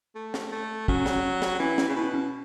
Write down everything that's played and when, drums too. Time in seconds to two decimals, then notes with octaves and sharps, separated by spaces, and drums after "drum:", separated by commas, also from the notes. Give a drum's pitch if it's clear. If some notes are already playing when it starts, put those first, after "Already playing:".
0.15 A3
0.34 drum: snare
0.52 A3
0.88 F#3 C#4, drum: kick
1.06 drum: snare
1.42 drum: snare
1.59 E3 C#4
1.78 C#4, drum: snare
1.88 C#3
1.96 B2 E4
2.14 C#4